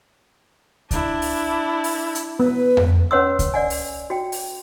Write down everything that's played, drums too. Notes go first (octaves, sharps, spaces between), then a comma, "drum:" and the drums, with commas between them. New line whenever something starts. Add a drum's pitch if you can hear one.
D4 E4, drum: kick C#2, hi-hat
drum: open hi-hat
drum: open hi-hat
drum: hi-hat
B3 B4
drum: tom F2
C#4 B4 C#5 F#5 C6 E6
drum: kick C#2, hi-hat
D5 F#5 G#5
drum: open hi-hat
F#4 G5
drum: open hi-hat